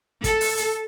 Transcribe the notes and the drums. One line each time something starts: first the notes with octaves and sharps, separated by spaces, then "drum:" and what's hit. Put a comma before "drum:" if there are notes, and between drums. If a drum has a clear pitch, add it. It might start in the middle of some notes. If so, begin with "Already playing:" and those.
A4, drum: kick, hi-hat
drum: open hi-hat
drum: hi-hat